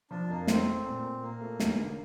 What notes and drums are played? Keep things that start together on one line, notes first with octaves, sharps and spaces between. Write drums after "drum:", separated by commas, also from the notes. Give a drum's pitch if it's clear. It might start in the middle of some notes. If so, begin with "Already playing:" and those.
F3 D4
F2 A#3
A3 C4, drum: snare
A3
A#2
A#2
A#2 A#3
A3
E2, drum: snare
D3